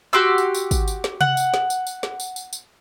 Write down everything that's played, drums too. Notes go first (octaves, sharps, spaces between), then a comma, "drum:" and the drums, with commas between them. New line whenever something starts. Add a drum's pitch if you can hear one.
F#4 G4 C6 E6
drum: tambourine
drum: tambourine
drum: kick, tambourine
drum: tambourine
drum: snare
F#5, drum: tom C3
drum: tambourine
drum: snare
drum: tambourine
drum: tambourine
drum: snare
drum: tambourine
drum: tambourine
drum: tambourine